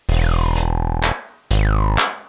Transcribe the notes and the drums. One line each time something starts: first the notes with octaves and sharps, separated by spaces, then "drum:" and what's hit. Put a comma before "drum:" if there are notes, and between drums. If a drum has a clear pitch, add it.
E1, drum: open hi-hat
drum: hi-hat
drum: clap
G#1, drum: hi-hat
drum: clap